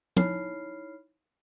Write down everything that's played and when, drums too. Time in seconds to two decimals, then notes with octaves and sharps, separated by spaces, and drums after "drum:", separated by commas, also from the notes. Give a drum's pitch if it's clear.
0.17 D#4 E4 C#5 B5 F6 C7, drum: tom